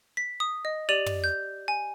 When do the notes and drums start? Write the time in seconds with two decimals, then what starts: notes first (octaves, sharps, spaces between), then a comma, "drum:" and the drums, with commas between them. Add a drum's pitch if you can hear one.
0.17 B6
0.40 D#6
0.65 D#5
0.89 G4 D5 D#7 F7 F#7
1.06 drum: tom
1.24 G6
1.68 G#5